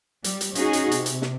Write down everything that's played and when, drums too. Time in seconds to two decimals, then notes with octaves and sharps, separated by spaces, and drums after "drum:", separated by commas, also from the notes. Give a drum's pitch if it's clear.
0.24 G3, drum: hi-hat
0.41 drum: hi-hat
0.55 C#4 D#4 F#4 G#4, drum: hi-hat
0.73 drum: hi-hat
0.91 C3, drum: hi-hat
1.06 drum: hi-hat
1.22 drum: snare